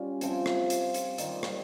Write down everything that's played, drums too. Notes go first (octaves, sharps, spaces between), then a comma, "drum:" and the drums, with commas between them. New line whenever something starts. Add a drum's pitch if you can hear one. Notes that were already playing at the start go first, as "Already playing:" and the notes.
Already playing: G3 C#4 F4
C3 F3 C4, drum: hi-hat
drum: rim click
drum: hi-hat
drum: hi-hat
D#3 G3 C4, drum: hi-hat
drum: rim click